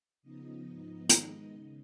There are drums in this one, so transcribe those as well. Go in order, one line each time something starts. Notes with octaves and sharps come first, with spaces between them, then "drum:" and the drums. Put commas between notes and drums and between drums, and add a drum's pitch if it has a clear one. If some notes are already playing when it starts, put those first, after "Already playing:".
C#3 F3 B3 D#4 D#5
G#2 F3 B3 D#4
D#3 G#3 B3 D#4 D#5, drum: hi-hat
C#3